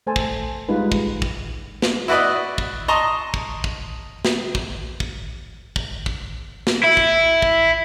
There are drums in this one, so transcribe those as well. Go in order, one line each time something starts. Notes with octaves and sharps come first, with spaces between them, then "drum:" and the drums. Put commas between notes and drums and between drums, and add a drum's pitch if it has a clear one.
A3 A4 C5 G#5 A5
drum: kick
G3 G#3 D#4 F4 G4 B4
drum: kick
drum: kick
drum: snare
E4 F#4 B4 D5 D#5
drum: kick
D#5 A5 A#5 C6 C#6 D#6
drum: kick
drum: kick
drum: snare
drum: kick
drum: kick
drum: kick
drum: kick
drum: snare
E4
drum: kick
drum: kick